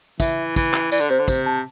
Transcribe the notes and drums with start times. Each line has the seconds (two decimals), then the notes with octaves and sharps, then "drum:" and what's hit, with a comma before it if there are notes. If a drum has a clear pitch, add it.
0.20 E3 E5, drum: kick, tambourine
0.56 E3, drum: kick, tambourine
0.74 drum: clap
0.91 E3 D5, drum: tambourine
1.00 D3
1.10 C3 C5
1.19 D3
1.28 C3 C5, drum: kick, tambourine
1.46 A5